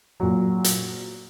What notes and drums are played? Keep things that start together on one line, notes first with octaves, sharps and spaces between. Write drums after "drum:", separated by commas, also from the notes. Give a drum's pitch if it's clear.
A#2 F#3
drum: hi-hat